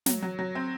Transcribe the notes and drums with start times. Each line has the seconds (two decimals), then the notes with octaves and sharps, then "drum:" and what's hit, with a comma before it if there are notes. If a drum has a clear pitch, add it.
0.06 F#3, drum: snare
0.22 F#3
0.39 F#3
0.55 C4